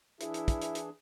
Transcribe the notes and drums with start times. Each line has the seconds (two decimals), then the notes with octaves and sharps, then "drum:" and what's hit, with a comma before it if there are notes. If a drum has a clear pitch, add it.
0.21 E3 D4 E4 G#4, drum: hi-hat
0.34 drum: hi-hat
0.48 drum: kick, hi-hat
0.62 drum: hi-hat
0.75 drum: hi-hat